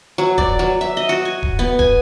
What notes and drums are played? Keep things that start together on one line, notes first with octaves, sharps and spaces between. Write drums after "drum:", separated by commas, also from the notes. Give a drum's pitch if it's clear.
F#3
D5, drum: kick D#1
F#3
E5
D#5
F#4
G#5
drum: kick D#1
B3
G#5, drum: kick D#1